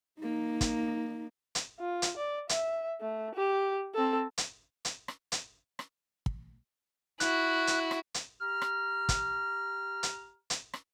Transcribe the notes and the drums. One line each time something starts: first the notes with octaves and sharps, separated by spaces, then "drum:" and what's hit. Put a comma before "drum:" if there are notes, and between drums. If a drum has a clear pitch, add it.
A#3 D#4
drum: kick, hi-hat
drum: hi-hat
F4
drum: hi-hat
D5
E5, drum: hi-hat
A3
G4
C4 A4
drum: hi-hat
drum: hi-hat
drum: rim click
drum: hi-hat
drum: rim click
drum: kick
E4 F#4 F#6, drum: hi-hat
drum: hi-hat
drum: rim click
drum: hi-hat
G4 A#5 F6
drum: rim click
drum: kick, hi-hat
drum: hi-hat
drum: hi-hat
drum: rim click